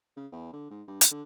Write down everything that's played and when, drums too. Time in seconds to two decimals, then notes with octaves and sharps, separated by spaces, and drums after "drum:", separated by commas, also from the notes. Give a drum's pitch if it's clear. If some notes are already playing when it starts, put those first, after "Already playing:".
0.17 C#3
0.32 E2
0.53 D3
0.70 G#2
0.88 G2
1.01 drum: hi-hat
1.11 D3